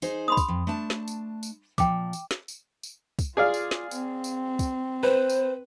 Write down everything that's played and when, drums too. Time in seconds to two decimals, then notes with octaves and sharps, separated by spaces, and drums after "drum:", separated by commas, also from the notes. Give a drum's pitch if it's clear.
0.02 D#4 G#4 C5, drum: tambourine
0.28 B5 C6 D#6
0.37 drum: kick, tambourine
0.48 F2
0.67 A3 D4 A5
0.90 drum: snare
1.08 drum: tambourine
1.43 drum: tambourine
1.78 A#2 F3 G5 D6, drum: kick, tambourine
2.13 drum: tambourine
2.31 drum: snare
2.48 drum: tambourine
2.83 drum: tambourine
3.19 drum: kick, tambourine
3.37 F4 G#4 D5 F5
3.54 drum: tambourine
3.71 drum: snare
3.91 C4, drum: tambourine
4.24 drum: tambourine
4.59 drum: kick, tambourine
5.03 B4 C5
5.30 drum: tambourine